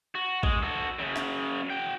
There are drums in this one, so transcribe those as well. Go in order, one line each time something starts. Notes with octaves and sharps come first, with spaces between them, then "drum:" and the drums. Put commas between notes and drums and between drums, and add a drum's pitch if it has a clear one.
F#4
G#3, drum: kick A1
F#4 A4
F#2 C#3
drum: rim click
F#4 G5